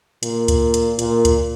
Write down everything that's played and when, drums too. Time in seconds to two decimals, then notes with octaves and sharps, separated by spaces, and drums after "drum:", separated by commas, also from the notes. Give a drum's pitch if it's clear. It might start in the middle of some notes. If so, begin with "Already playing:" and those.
0.23 A#2, drum: hi-hat
0.48 drum: kick C#2, hi-hat
0.74 drum: hi-hat
0.99 A#2, drum: hi-hat
1.25 drum: kick C#2, hi-hat